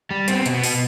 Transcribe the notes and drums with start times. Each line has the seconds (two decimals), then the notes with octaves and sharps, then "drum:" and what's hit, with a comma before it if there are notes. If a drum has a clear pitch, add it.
0.11 G3
0.28 B3 C4, drum: hi-hat
0.46 B2, drum: hi-hat
0.54 B3
0.64 B2, drum: open hi-hat